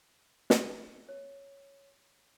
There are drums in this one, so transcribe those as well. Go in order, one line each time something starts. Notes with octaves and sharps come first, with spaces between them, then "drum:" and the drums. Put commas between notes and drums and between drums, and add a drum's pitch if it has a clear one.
drum: snare
C#5